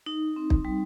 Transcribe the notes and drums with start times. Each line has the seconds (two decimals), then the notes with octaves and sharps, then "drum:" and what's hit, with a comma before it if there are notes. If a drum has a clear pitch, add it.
0.06 D#4
0.36 C4
0.50 drum: kick
0.65 G3